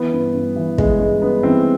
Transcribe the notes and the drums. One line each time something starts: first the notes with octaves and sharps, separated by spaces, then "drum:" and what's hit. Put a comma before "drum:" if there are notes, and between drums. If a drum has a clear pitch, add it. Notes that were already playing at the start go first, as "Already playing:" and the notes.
Already playing: E3 B3
G2
G2
E3
E3 G#3, drum: kick
G2 G#3
G2 B3
E3 C4